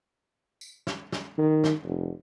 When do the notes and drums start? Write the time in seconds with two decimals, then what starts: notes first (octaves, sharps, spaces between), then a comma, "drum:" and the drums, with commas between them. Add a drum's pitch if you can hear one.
0.61 drum: tambourine
0.87 drum: snare
1.12 drum: snare
1.38 D#3
1.64 drum: snare
1.83 F1